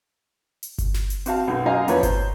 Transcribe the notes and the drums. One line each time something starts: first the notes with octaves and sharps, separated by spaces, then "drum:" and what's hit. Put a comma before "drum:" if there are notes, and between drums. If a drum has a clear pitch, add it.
drum: hi-hat
drum: kick G1, hi-hat
drum: snare
drum: hi-hat
C4 F#4 F5 A5, drum: hi-hat
B1 F#2
F#2 D#5 F5 G#5 A#5
E2 F3 A#3 B4 C#5, drum: hi-hat
C5 A#5, drum: kick G1, hi-hat